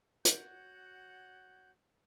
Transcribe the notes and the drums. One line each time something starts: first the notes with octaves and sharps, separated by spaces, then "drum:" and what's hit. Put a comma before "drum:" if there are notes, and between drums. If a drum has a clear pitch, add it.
F#4 C#5 F#5 G6, drum: hi-hat